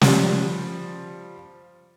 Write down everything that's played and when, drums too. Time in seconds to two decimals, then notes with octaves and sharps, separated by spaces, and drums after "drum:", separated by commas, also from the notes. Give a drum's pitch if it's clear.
0.01 F3 G3, drum: snare